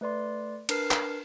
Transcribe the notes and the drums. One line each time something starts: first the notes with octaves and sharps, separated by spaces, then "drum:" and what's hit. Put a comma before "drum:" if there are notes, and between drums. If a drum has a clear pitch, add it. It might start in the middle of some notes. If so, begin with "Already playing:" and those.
A3 B4 D5 C6
D4 A#4 B4 F6 C7, drum: cymbal
drum: clap